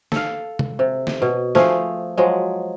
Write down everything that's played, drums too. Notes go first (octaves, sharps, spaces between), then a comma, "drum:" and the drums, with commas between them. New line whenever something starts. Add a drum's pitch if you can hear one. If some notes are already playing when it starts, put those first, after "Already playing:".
A4 F5, drum: snare
drum: tom C3
C3
drum: snare
B2
F3 A3 G#4 F5, drum: snare
F3 F#3 G#3